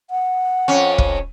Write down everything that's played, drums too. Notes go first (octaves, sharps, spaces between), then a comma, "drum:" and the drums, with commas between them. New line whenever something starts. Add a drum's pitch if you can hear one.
F#5
F2 C#4
drum: kick